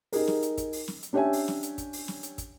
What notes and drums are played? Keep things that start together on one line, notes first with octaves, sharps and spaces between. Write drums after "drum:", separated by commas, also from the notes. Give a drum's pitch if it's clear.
D#4 G4 G#4 A#4, drum: open hi-hat
drum: snare
drum: hi-hat
drum: kick, hi-hat
drum: open hi-hat
drum: snare
drum: hi-hat
C#4 D4 G4 C#5 E5 G#5
drum: open hi-hat
drum: snare
drum: hi-hat
drum: kick, hi-hat
drum: open hi-hat
drum: snare
drum: hi-hat
drum: kick, hi-hat